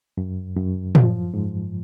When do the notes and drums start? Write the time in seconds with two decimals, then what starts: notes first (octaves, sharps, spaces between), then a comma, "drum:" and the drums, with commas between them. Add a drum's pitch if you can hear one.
0.17 F#2
0.56 F#2
0.95 F3, drum: tom
1.34 G#2